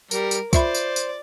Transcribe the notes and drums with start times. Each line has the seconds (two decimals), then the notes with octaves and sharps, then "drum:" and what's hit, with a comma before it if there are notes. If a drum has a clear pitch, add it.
0.11 G3 A#4, drum: tambourine
0.31 drum: tambourine
0.53 F4 C5 D5 E5 B5, drum: kick, tambourine
0.75 drum: tambourine
0.96 drum: tambourine